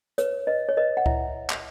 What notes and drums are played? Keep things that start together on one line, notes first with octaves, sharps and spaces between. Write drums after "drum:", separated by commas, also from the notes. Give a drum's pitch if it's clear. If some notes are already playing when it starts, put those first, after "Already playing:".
B4 C#5, drum: hi-hat
B4 D#5
C#5
B4 D#5
F#5
E4 E5, drum: kick C#2
drum: clap